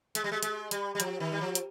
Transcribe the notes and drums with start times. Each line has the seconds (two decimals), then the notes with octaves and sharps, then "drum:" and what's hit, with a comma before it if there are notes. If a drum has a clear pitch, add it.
0.15 G#3, drum: hi-hat
0.24 G3
0.31 G#3
0.43 G#3, drum: hi-hat
0.71 G3, drum: hi-hat
0.95 G3
1.00 F3, drum: hi-hat
1.20 D#3
1.32 G3
1.41 F3
1.55 drum: hi-hat